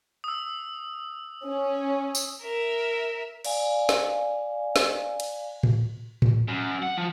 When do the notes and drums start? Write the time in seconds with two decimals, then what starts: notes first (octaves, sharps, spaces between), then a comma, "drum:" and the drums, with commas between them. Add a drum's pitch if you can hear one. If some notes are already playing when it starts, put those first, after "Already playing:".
0.24 D#6 E6
1.44 C#4
2.15 drum: tambourine
2.42 A#4 E5
3.45 D5 F5 G#5, drum: cymbal
3.89 drum: snare
4.76 drum: snare
5.20 drum: cymbal
5.63 drum: tom A2
6.22 drum: tom A2
6.48 F#2
6.83 F#5
6.97 F3